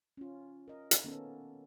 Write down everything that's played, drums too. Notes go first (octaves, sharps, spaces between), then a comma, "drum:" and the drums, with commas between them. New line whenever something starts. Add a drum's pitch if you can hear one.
C#4 F4
A#4 D#5
drum: hi-hat
D#3 A#3 B3 C#4 A4